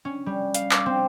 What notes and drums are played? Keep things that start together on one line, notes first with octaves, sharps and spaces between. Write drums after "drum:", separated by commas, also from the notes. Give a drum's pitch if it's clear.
C#4
G3
F5, drum: hi-hat
D6, drum: clap
C4